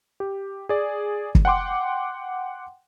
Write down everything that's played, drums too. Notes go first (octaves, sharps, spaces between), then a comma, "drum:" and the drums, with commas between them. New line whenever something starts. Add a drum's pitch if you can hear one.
G4
G#4 D5
drum: kick
F#5 G5 C6 D6